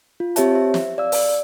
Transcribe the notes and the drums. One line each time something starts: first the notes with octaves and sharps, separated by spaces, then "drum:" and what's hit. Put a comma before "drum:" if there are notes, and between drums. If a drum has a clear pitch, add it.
F4
C4 G4 C#5 E5 A5, drum: hi-hat
C5 E5
drum: snare
D5 F5 E6
drum: open hi-hat